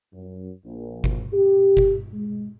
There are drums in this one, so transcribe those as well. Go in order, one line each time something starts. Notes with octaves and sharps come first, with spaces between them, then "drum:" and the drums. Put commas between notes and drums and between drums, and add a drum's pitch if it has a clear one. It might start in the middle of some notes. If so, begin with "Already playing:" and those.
F#2
A#1
drum: kick G1
G4
drum: kick G1
G#3